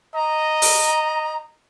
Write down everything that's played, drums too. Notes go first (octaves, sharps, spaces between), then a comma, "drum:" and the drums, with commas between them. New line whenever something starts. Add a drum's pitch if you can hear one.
D#5 A#5
drum: open hi-hat